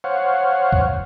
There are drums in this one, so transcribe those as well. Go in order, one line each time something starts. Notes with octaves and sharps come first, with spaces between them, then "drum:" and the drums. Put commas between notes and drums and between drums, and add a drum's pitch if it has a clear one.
C5 C#5 F5 F#5
drum: kick C#2